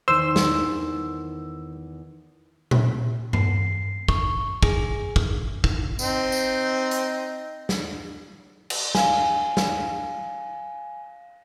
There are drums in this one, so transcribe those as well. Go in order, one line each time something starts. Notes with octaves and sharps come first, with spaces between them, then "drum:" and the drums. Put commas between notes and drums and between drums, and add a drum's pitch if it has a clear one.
E2 D#3 A#4 C5 E6
drum: snare
drum: tom A#2
C7, drum: tom G2
C#6, drum: kick
G#4, drum: kick
drum: kick
drum: kick
C4 D#4, drum: tambourine
drum: tambourine
drum: hi-hat
drum: snare
drum: cymbal
F5 G#5, drum: snare
drum: snare